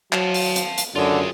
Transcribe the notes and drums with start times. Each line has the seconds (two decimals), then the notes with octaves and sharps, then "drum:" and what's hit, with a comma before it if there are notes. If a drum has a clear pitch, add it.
0.13 F#3 F5 A5, drum: clap
0.34 drum: open hi-hat
0.56 drum: hi-hat
0.78 drum: hi-hat
0.96 F#2 D3 F4 G#4